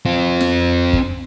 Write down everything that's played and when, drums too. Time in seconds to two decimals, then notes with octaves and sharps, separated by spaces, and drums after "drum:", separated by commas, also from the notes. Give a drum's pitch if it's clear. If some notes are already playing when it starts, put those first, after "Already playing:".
0.05 C4 F4
0.41 drum: snare
0.93 drum: kick